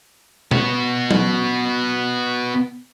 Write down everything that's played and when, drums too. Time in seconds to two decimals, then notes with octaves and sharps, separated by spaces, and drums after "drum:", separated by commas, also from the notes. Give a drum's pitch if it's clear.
0.51 B3 F#4, drum: tom B2
1.11 drum: tom F#3